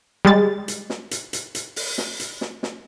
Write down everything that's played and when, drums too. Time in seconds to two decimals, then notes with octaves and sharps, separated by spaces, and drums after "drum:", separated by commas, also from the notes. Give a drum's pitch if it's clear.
0.25 G3 G#3 A6
0.68 drum: hi-hat
0.90 drum: snare
1.11 drum: hi-hat
1.33 drum: hi-hat
1.55 drum: hi-hat
1.76 drum: open hi-hat
1.98 drum: snare
2.20 drum: hi-hat
2.41 drum: snare
2.63 drum: snare